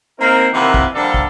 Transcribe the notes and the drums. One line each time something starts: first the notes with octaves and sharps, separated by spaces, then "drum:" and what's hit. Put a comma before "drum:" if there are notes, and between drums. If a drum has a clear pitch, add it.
A#3 C4 D#4 A#4
C3 D#3 E3 A#3 B4 F#5
drum: kick
D3 F3 G3 A#3 A4
drum: kick